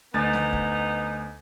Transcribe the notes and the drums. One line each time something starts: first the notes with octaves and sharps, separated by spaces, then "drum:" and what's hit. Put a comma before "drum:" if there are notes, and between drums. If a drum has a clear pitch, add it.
D2 B3 D#4 A6
drum: snare
drum: kick